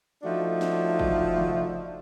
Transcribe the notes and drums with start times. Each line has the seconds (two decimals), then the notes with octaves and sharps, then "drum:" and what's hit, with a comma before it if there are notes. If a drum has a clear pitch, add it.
0.23 F3 A3 D4 D#4 F#4
0.61 drum: snare
0.99 drum: kick
1.38 drum: tom C3